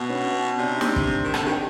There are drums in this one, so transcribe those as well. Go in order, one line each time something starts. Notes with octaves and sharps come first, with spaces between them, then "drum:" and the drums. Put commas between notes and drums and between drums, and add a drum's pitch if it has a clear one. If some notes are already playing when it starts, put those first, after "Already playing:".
Already playing: B2
B3 C#4
C3 D4
D#4
C4 D4, drum: snare
drum: kick
D#3
D3, drum: rim click
D#3 G4